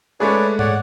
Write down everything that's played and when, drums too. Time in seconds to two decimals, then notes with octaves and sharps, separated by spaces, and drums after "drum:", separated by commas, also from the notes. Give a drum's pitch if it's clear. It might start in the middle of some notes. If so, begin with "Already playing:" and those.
0.20 G#3 A3 G#4 B4 C#5 D5
0.59 C#5 D5 F#5, drum: tom G#2